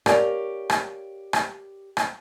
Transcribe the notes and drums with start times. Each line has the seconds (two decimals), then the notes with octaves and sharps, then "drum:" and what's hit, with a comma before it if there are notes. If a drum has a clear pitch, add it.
0.06 G4 A#4 C#5 D5 F5, drum: rim click
0.70 drum: rim click
1.33 drum: rim click
1.97 drum: rim click